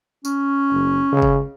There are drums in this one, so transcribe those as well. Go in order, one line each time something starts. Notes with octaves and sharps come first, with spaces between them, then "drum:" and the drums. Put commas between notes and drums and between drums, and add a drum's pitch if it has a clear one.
C#4, drum: tambourine
F#1
C#3
drum: kick G1